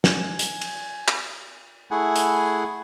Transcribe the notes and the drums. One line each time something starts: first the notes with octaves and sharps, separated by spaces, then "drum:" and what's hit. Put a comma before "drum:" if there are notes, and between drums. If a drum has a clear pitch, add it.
G#5, drum: snare
drum: hi-hat
drum: cymbal
drum: clap
A3 E4 G#4 F#5 G#5
drum: hi-hat